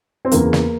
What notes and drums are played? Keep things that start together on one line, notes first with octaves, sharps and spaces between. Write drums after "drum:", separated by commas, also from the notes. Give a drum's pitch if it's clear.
C4
E2 C#3 E3 A#3, drum: hi-hat
drum: snare